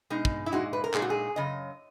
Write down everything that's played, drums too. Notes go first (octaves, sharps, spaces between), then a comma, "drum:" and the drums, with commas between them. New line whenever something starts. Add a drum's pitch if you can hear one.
B2 G#3 D#4
drum: kick
E4
A#2 G#3 D#4 F#4
B4
A#4
A#2 G#3 D#4 G#4, drum: clap
F#4
G#4
F#2 C#3 D#5